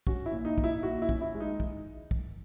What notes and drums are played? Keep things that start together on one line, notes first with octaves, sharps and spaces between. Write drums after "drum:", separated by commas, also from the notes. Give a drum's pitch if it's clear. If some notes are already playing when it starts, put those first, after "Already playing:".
C#4 F#4, drum: kick
E4
A#2
D#4
A#2, drum: kick
E4
A#2 F#4
E4
C#4, drum: kick
E4
G#3
D#4
drum: kick
drum: kick